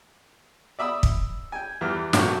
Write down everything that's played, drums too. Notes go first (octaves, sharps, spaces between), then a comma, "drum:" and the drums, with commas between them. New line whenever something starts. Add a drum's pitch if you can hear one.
D5 E5 B5 D#6 E6
drum: kick
G5 G#5
E2 E3 G3 F6
A1 F#2 B2 A3 C#5 G5, drum: snare